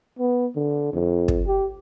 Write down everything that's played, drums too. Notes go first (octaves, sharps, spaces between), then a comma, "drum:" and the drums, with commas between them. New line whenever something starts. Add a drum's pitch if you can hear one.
B3
D3
F2
drum: kick
G4